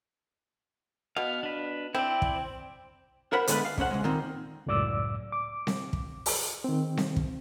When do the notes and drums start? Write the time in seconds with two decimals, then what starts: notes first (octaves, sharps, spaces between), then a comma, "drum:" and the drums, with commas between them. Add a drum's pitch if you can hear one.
1.16 B2 B3 F5
1.43 D4 B4
1.95 C4 E4 D5
2.22 drum: kick
3.33 A#4 C5 F#5 B5
3.47 D3 G#3 A3 B3 B4, drum: hi-hat
3.65 F5
3.78 C#2 C#4 C5 F#5, drum: kick
3.91 C#3 G#3
4.03 A#2 D#3 C4
4.66 C#2 F#2 A2 D5 D6 E6
5.32 D6
5.67 drum: snare C4
5.93 drum: kick
6.26 drum: open hi-hat
6.64 D#3 C4
6.97 drum: snare C4
7.16 drum: kick